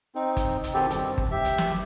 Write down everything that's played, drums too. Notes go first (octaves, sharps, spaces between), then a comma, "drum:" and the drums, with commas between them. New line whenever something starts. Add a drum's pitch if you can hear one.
C4 D#4
drum: kick G1, hi-hat
drum: hi-hat
B2 D#3 B3 C4 G4 A4
G2 C4, drum: hi-hat
drum: kick G1
G4 E5
drum: hi-hat
drum: snare